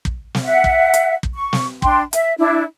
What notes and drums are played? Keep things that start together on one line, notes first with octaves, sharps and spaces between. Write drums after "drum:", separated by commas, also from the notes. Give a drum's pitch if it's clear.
drum: kick
drum: snare
E5 F#5
drum: kick
drum: hi-hat
drum: kick
C#6
drum: snare
D4 G5 C6, drum: kick
E5, drum: hi-hat
D4 E4